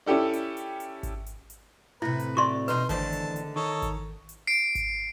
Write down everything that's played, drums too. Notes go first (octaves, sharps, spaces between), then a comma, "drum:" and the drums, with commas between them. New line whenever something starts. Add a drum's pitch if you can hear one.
C#4 E4 G4 A4 D5
drum: hi-hat
drum: hi-hat
drum: hi-hat
drum: kick G#1, hi-hat
drum: hi-hat
drum: hi-hat
A2 C3 E4 B4
drum: hi-hat
F#4 D5 C6 C#6
E2 B2 D4 D#4 B4 C6, drum: hi-hat
E2 A2 D3 D#3 D4 C5 A5, drum: kick G#1, hi-hat
drum: hi-hat
drum: hi-hat
D#3 A4 C#5 D#5
drum: kick G#1, hi-hat
drum: hi-hat
C7 D7
drum: kick G#1, hi-hat